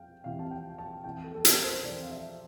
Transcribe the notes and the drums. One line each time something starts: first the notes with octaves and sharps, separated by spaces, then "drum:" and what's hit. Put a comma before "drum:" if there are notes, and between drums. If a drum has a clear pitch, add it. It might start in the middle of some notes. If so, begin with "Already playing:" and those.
Already playing: F2 F5 G5
F2 C3 E3 F5
A5
G5
A5
F2 E3 G5
A4
A4
A#4, drum: hi-hat
C5
F2 E3 D5
F5
E5